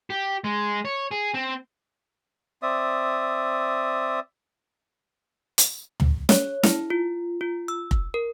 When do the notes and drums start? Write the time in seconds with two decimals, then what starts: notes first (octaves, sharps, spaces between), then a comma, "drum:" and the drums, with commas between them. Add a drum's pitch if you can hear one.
0.10 G4
0.44 G#3
0.85 C#5
1.11 G#4
1.34 C4
2.63 C4 D5 E5 D#6
5.58 drum: hi-hat
6.00 drum: tom
6.29 C#5, drum: snare
6.63 E4, drum: snare
6.90 F4
7.41 F4
7.68 E6
7.91 drum: kick F1
8.14 A#4